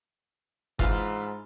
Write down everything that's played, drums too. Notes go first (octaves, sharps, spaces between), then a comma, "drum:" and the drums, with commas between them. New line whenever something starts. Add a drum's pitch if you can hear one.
G#2 E3 F4, drum: kick F#1